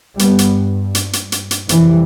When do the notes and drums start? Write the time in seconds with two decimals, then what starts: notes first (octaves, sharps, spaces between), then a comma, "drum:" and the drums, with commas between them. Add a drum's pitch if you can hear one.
0.19 G2 G3 B3, drum: hi-hat
0.39 drum: hi-hat
0.95 drum: hi-hat
1.13 drum: hi-hat
1.32 drum: hi-hat
1.51 drum: hi-hat
1.69 F2 C3 E3 G3, drum: hi-hat